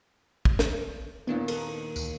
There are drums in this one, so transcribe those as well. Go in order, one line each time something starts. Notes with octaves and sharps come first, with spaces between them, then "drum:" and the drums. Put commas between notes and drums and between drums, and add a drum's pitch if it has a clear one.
drum: kick
drum: snare
D#2 A#2 D#3 B3 D4 E4
B3 A4 A#4, drum: cymbal
D2, drum: tambourine